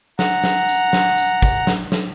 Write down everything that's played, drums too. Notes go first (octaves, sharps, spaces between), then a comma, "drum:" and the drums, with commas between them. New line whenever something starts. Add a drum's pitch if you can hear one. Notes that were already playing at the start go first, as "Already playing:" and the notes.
F#5 A#5, drum: snare
drum: snare
drum: tambourine
drum: snare
drum: tambourine
drum: kick, tambourine
drum: snare
drum: snare